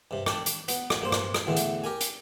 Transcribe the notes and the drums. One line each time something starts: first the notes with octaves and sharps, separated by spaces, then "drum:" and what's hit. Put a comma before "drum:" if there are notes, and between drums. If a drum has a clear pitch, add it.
G2 C3
D4 D5 G5, drum: rim click
drum: hi-hat
B3, drum: hi-hat
drum: rim click
G2 A#3 C5
drum: rim click
drum: rim click
E2 A2 D3 E3
drum: hi-hat
G4 A#4 G#5
drum: hi-hat